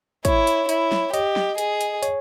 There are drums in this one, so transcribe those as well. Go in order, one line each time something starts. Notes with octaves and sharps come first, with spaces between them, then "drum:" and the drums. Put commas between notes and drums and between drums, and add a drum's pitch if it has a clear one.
E4 C#5, drum: kick, hi-hat
drum: hi-hat
E4, drum: hi-hat
drum: snare
G4 D#5, drum: hi-hat
drum: snare
G#4, drum: hi-hat
drum: hi-hat
C#5, drum: hi-hat